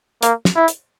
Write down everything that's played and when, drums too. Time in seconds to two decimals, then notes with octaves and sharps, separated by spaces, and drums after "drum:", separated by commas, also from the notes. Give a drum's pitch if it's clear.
0.23 A#3, drum: hi-hat
0.45 drum: snare
0.56 E4
0.68 drum: hi-hat